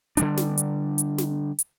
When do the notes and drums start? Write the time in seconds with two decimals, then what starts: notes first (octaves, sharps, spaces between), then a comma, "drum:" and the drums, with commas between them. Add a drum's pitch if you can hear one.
0.17 D3 G3 D4, drum: hi-hat
0.37 drum: snare
0.58 drum: hi-hat
0.98 drum: hi-hat
1.18 drum: snare
1.59 drum: hi-hat